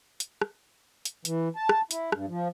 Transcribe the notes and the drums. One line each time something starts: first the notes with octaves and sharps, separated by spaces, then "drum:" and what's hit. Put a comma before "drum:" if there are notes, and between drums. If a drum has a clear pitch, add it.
drum: hi-hat
drum: rim click
drum: hi-hat
E3, drum: hi-hat
A5
drum: rim click
E4, drum: hi-hat
G2, drum: rim click
F3